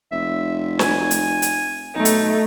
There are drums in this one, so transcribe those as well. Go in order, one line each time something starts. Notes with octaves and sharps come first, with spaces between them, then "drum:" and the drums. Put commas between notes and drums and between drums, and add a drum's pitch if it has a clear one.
F1 E5
G#5, drum: snare
drum: hi-hat
drum: hi-hat
B1 A3 D#4
drum: hi-hat